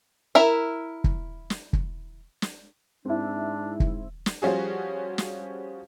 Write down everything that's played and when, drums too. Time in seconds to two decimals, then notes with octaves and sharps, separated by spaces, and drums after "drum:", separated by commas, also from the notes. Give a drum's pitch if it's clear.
0.35 E4 A#4 E5
1.04 drum: kick
1.50 drum: snare
1.73 drum: kick
2.42 drum: snare
3.05 G#2 C4 D4 E4
3.80 drum: kick
4.26 drum: snare
4.42 F3 G3 C#4 F#4 G#4
5.18 drum: snare